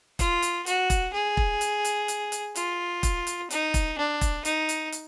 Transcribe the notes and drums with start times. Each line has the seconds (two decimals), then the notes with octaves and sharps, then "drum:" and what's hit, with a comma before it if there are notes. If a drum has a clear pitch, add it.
0.19 F4, drum: kick E1, hi-hat
0.42 drum: hi-hat
0.66 F#4, drum: hi-hat
0.90 drum: kick E1, hi-hat
1.14 G#4
1.37 drum: kick E1
1.61 drum: hi-hat
1.85 drum: hi-hat
2.08 drum: hi-hat
2.32 drum: hi-hat
2.55 F4, drum: hi-hat
3.03 drum: kick E1, hi-hat
3.27 drum: hi-hat
3.50 D#4, drum: hi-hat
3.74 drum: kick E1, hi-hat
3.98 D4
4.21 drum: kick E1, hi-hat
4.45 D#4, drum: hi-hat
4.69 drum: hi-hat
4.92 drum: hi-hat